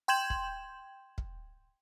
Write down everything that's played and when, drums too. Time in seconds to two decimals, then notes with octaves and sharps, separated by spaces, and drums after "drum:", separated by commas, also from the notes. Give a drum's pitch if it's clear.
0.08 G5 C6 G6 G#6 E7 F#7
0.30 drum: kick
1.18 drum: kick